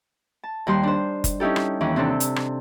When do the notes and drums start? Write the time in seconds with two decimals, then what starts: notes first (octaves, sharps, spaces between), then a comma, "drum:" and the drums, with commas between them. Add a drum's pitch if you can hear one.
0.44 A5
0.67 D#2 G3 G4 C6
0.83 D4 C5
1.24 drum: kick F#1, hi-hat
1.40 C#4 D#4 E4 G4 A4
1.56 drum: rim click
1.81 D#2 E3 C#4 D6
1.96 C3 C4 D4 A4
2.20 drum: hi-hat
2.36 drum: rim click